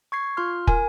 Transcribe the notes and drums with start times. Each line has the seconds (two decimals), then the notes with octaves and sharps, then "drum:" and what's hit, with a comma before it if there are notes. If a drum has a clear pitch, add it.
0.12 C#6 G#6 C7
0.37 F4 C6 F6
0.67 A#4 G#5, drum: kick